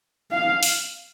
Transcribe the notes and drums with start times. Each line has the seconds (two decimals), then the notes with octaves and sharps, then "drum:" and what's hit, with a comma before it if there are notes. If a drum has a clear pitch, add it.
0.31 F5
0.63 drum: open hi-hat